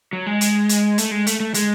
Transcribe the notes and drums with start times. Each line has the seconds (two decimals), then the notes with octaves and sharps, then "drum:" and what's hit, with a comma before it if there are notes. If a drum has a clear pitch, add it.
0.13 F#3
0.26 G#3
0.41 drum: hi-hat
0.69 drum: hi-hat
0.98 A3, drum: hi-hat
1.11 G#3
1.27 A3, drum: hi-hat
1.40 A3
1.54 G#3, drum: hi-hat